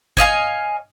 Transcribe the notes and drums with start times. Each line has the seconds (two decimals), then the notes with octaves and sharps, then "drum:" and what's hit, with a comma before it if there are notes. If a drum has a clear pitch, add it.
0.17 C#5 D#5 F5 G#5, drum: kick